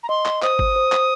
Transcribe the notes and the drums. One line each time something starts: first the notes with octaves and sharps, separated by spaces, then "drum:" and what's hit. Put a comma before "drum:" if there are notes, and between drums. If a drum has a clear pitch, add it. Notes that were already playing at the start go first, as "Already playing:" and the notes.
A#5
D#5 C6
drum: clap
C5 D#6, drum: clap
drum: kick G1
C5
drum: clap